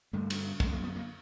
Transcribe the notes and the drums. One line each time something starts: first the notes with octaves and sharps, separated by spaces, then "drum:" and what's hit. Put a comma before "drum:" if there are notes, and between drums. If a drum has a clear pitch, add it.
G2 D3 A3
drum: cymbal
F#2 D3 A3, drum: kick
A#3
B3
A#3